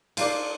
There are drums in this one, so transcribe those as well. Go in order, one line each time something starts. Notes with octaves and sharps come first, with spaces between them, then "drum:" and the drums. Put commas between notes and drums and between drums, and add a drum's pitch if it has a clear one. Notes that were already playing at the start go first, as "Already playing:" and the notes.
A#3 D4 F4 C5, drum: cymbal